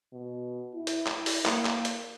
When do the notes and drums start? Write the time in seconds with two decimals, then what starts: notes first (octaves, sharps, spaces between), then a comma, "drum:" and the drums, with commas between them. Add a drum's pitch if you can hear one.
0.13 B2
0.75 E4
0.87 drum: hi-hat
1.07 drum: clap
1.26 drum: open hi-hat
1.46 A#3, drum: clap
1.65 drum: clap
1.85 drum: hi-hat